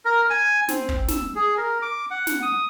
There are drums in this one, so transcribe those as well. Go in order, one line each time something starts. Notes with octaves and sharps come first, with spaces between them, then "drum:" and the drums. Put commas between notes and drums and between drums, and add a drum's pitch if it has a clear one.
A#4
G#5
C4, drum: snare
drum: kick
E6, drum: snare
G#4
A#4
D6
F#5
drum: snare
D#6